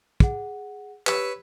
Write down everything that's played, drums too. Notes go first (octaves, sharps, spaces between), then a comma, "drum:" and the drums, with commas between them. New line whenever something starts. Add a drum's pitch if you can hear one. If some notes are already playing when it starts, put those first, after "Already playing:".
G#4 F#5, drum: kick
G4 B4 C#5 E6 E7, drum: clap